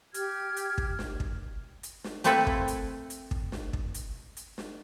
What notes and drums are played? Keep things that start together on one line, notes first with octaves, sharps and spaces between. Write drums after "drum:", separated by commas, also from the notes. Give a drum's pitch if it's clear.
G4 F6 G#6, drum: hi-hat
drum: hi-hat
drum: kick
drum: snare
drum: kick
drum: hi-hat
drum: snare
A3 A#3 C4 E4 A4 B4, drum: hi-hat
drum: kick
drum: hi-hat
drum: hi-hat
drum: kick
drum: snare
drum: kick
drum: hi-hat
drum: hi-hat
drum: snare